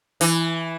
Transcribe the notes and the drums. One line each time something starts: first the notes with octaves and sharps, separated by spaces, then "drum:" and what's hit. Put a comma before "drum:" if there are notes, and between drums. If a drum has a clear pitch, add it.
E3, drum: open hi-hat